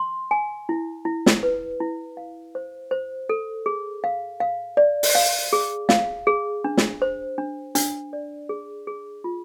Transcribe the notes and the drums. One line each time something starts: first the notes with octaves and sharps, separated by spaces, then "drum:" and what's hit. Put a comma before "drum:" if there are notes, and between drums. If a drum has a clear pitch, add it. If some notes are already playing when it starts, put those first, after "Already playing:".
Already playing: C6
G#5
E4
E4
drum: snare
B4
E4
F5
C5
C5
A4
G#4
F5
F5
D5
drum: open hi-hat
F5
G#4
F5, drum: snare
G#4
D4
drum: snare
C5
D4
D4, drum: hi-hat
D5
G#4
G#4
F4